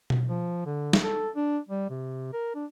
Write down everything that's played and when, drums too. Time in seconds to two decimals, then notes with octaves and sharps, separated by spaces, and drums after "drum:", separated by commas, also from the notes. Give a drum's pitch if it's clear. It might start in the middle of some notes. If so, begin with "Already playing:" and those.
0.10 drum: tom B2
0.27 F3
0.66 D3
0.93 drum: snare
1.03 A4
1.36 D4
1.69 G3
1.90 C3
2.33 A#4
2.55 D4